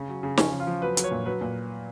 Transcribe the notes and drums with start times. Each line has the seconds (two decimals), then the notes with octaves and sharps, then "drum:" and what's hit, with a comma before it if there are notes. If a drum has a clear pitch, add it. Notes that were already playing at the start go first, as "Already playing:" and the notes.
Already playing: C#3 C#4
0.09 F#3
0.23 C#3
0.37 F3 C#4, drum: snare
0.52 C#3
0.60 F4
0.67 F3
0.81 F#3 B4
0.97 F#3, drum: hi-hat
1.04 C#5
1.11 A#2
1.26 F#3 B4
1.41 A#2